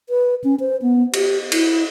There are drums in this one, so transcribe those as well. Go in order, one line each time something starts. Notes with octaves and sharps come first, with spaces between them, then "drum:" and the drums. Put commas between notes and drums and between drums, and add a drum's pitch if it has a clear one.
B4
C#4
C5
B3
G4, drum: cymbal
E4, drum: cymbal